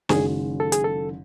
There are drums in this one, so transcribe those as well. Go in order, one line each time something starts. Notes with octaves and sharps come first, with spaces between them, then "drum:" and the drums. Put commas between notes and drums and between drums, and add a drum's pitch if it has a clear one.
F#1 F#2 D#3 G#3 C#4 G#4, drum: snare
A4
G#4, drum: hi-hat
A4